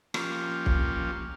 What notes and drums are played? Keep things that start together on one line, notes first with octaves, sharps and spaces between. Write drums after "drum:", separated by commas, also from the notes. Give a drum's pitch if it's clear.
F3 A#3 C#4 F4 G4, drum: rim click
drum: kick